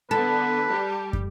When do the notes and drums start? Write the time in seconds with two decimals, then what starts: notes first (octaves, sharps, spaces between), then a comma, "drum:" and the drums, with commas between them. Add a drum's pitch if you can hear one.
0.11 D3 B3 A4 B4 A5
0.67 G3 G4
1.13 drum: kick